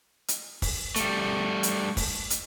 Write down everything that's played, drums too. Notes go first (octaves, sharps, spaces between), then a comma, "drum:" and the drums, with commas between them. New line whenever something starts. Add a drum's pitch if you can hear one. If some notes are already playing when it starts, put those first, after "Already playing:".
drum: hi-hat
drum: kick, open hi-hat
G3 A3, drum: hi-hat
drum: hi-hat
drum: kick, open hi-hat
drum: hi-hat